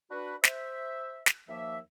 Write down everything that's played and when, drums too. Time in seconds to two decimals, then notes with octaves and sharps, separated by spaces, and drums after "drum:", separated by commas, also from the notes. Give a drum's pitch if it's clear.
0.11 D4 F#4 B4
0.44 C5 E5, drum: snare
1.26 drum: snare
1.49 D#2 F3 A#3 E5